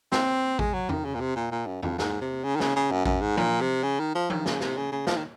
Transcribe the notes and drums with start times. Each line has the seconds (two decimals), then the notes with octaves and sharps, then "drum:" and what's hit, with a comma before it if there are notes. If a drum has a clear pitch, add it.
0.12 C4, drum: snare
0.59 G#3, drum: kick A1
0.73 F#3
0.89 D#3, drum: tom E2
1.05 C#3
1.14 A#2
1.20 C3
1.36 A#2
1.51 A#2
1.67 F#2
1.83 F2, drum: tom E2
1.98 G#2, drum: snare
2.21 C3
2.44 C#3
2.55 D#3
2.60 C#3, drum: snare
2.76 C#3
2.91 F#2
3.05 F#2, drum: kick A1
3.21 G#2
3.37 A#2, drum: tom F3
3.61 C3
3.83 C#3
4.00 D#3
4.15 F3
4.30 D#3, drum: tom F3
4.46 C#3, drum: snare
4.60 C3, drum: snare
4.77 C#3
4.92 C#3
5.07 F3, drum: snare
5.17 D#3